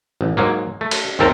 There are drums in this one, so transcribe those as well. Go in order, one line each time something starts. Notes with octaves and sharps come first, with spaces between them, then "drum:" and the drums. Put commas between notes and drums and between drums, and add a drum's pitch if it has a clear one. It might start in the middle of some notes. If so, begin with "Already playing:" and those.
A1
G#2 F#3 A#3
A3
drum: cymbal
G#1 D#2 A3 C4 A4 A#4